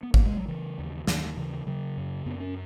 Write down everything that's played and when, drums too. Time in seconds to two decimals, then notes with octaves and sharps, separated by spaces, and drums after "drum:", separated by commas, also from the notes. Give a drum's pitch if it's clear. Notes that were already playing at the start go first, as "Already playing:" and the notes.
0.03 B3
0.14 A#3, drum: kick G#1
0.26 G#3
0.37 F#3
0.48 C#3 E3
0.79 D#2
1.07 D#2 D#3, drum: snare
1.27 D#3
1.37 C#3 E3
1.66 C#3 F#3
1.97 F#2
2.26 F#2 B3
2.40 C#4